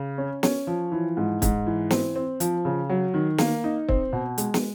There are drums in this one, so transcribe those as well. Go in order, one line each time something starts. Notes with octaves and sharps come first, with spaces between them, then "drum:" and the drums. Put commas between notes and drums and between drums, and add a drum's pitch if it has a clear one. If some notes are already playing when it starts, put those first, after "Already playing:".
Already playing: C#3
C#4
C#4, drum: snare
F3
E3
G#2
G#2, drum: kick, hi-hat
E3
C4, drum: snare
C4
F3, drum: hi-hat
C#3
F#3
D#3
A#3, drum: snare
D#4
C4, drum: kick
B2
G#3, drum: hi-hat
drum: snare